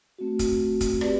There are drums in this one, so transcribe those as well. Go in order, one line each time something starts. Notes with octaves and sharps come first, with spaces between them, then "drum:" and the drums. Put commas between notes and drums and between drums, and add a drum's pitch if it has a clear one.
A3 C4 F#4
drum: kick, hi-hat
drum: kick, hi-hat
C4 G4 B4 D5, drum: rim click